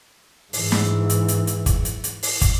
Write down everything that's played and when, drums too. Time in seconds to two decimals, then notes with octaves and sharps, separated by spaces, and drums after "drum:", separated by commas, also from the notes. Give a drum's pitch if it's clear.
0.53 G#2 E3, drum: open hi-hat
0.72 drum: snare
1.10 drum: hi-hat
1.28 drum: hi-hat
1.47 drum: hi-hat
1.66 drum: kick, hi-hat
1.85 drum: hi-hat
2.04 drum: hi-hat
2.23 drum: open hi-hat
2.41 drum: kick, hi-hat